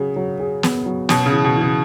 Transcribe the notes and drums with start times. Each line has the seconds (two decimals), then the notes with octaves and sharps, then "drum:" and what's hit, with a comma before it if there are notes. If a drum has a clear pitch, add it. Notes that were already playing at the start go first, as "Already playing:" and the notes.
Already playing: C#3 F#3 G#4
0.16 F#3
0.40 G#4
0.63 B3, drum: snare
0.86 F#3
1.09 B2 C#4, drum: snare
1.26 C#3
1.32 E3
1.44 B2
1.56 E3
1.61 C#3